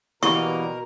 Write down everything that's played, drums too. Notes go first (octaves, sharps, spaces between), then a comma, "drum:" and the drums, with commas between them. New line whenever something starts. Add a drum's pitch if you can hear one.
B2 E3 G3 A#3 B3 A#4 A#5 C#6, drum: snare